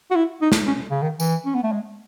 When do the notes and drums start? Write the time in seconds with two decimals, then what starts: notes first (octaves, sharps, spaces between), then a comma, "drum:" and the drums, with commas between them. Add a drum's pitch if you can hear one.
0.11 F#4
0.16 E4
0.42 D#4
0.52 drum: snare
0.67 C#4
0.91 C#3
1.03 D#3
1.20 E3, drum: tambourine
1.46 C#4
1.55 B3
1.64 A3
1.72 G#3